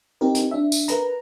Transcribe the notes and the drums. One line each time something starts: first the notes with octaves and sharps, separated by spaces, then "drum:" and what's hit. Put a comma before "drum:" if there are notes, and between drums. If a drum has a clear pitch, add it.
C4 D#4 G4 A#4
drum: hi-hat
D4 E5
drum: tambourine
A#4 B4 A#5, drum: hi-hat